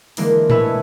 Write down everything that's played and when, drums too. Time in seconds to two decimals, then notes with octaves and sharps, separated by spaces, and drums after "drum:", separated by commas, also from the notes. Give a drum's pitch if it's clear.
0.17 D3 E3 G#3 A#3, drum: open hi-hat
0.50 A3 E4 B4 C#5 E5 G#5, drum: tom A2